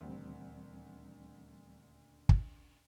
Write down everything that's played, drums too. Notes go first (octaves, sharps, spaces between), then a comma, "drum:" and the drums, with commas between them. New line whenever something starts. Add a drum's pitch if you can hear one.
D#1 D2 E3 G3 C4
drum: kick